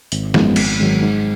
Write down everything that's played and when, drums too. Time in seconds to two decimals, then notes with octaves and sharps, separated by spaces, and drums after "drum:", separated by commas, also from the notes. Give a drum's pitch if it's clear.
0.12 G#1, drum: hi-hat
0.34 F#2 F3 G#3 B3, drum: snare
0.56 G#1, drum: cymbal
0.80 G#2 D#3 F#3
1.02 G#2